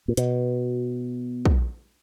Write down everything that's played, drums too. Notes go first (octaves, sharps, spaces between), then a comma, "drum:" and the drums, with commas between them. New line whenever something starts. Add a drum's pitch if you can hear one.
A#2
B2, drum: hi-hat
drum: kick